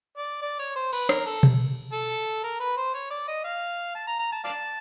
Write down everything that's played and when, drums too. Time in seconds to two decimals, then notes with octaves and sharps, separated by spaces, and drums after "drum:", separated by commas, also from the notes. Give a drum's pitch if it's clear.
0.17 D5
0.42 D5
0.59 C#5
0.76 C5
0.92 B4, drum: cymbal
1.09 A#4, drum: rim click
1.26 A4
1.43 drum: tom B2
1.93 A4
2.44 A#4
2.60 B4
2.77 C5
2.94 C#5
3.10 D5
3.28 D#5
3.44 F5
3.95 A5
4.07 A#5
4.19 A#5
4.32 A5
4.44 D5 F5 A5